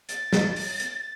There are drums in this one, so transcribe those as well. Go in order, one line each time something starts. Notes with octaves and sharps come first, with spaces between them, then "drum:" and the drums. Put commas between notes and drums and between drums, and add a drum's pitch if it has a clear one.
A6, drum: hi-hat
drum: snare
drum: open hi-hat
drum: hi-hat